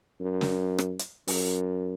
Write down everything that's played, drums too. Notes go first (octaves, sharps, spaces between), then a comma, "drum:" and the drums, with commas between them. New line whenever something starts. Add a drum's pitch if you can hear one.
F#2
drum: snare
drum: rim click
drum: hi-hat
F#2, drum: open hi-hat